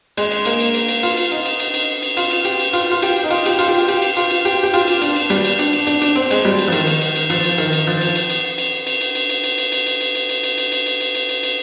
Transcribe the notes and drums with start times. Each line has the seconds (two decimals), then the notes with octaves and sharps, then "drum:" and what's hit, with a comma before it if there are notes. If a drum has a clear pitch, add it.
0.17 G#3, drum: cymbal
0.31 drum: cymbal
0.45 A#3, drum: cymbal
0.60 drum: cymbal
0.74 drum: cymbal
0.88 drum: cymbal
1.03 F4, drum: cymbal
1.17 drum: cymbal
1.32 D#4, drum: cymbal
1.45 drum: cymbal
1.60 drum: cymbal
1.74 drum: cymbal
2.03 drum: cymbal
2.17 F4, drum: cymbal
2.31 drum: cymbal
2.45 G4, drum: cymbal
2.60 drum: cymbal
2.73 F4, drum: cymbal
2.92 F4
3.02 G4, drum: cymbal
3.24 D#4
3.31 F4, drum: cymbal
3.46 G4, drum: cymbal
3.59 F4, drum: cymbal
3.68 G4
3.79 F4
3.88 G4, drum: cymbal
4.02 drum: cymbal
4.17 F4, drum: cymbal
4.31 drum: cymbal
4.45 G4, drum: cymbal
4.63 G4
4.74 F4, drum: cymbal
4.88 drum: cymbal
5.02 D4, drum: cymbal
5.16 drum: cymbal
5.30 G3, drum: cymbal
5.45 drum: cymbal
5.59 D4, drum: cymbal
5.73 drum: cymbal
5.87 D4, drum: cymbal
6.01 D4, drum: cymbal
6.16 C4, drum: cymbal
6.31 G#3, drum: cymbal
6.45 G3
6.59 drum: cymbal
6.68 F3
6.72 D#3, drum: cymbal
6.87 drum: cymbal
7.01 drum: cymbal
7.16 drum: cymbal
7.30 F3, drum: cymbal
7.44 drum: cymbal
7.58 D#3, drum: cymbal
7.73 drum: cymbal
7.87 F3
8.01 drum: cymbal
8.15 drum: cymbal
8.30 drum: cymbal
8.58 drum: cymbal
8.87 drum: cymbal
9.01 drum: cymbal
9.15 drum: cymbal
9.29 drum: cymbal
9.44 drum: cymbal
9.58 drum: cymbal
9.72 drum: cymbal
9.86 drum: cymbal
10.01 drum: cymbal
10.15 drum: cymbal
10.29 drum: cymbal
10.43 drum: cymbal
10.58 drum: cymbal
10.72 drum: cymbal
10.86 drum: cymbal
11.00 drum: cymbal
11.15 drum: cymbal
11.29 drum: cymbal
11.43 drum: cymbal